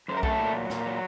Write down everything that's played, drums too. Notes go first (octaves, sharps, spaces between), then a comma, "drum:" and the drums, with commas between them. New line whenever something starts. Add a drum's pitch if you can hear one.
F#2 C5
A#4
F#3 A3 A4, drum: kick B1
A#2
F#3
A#2, drum: snare
F#3